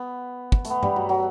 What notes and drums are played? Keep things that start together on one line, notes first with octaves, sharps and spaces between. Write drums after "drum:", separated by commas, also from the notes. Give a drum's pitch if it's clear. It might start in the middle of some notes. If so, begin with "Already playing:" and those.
Already playing: B3
drum: kick
A3, drum: hi-hat
B3
G3, drum: tom G2
F#3
F#3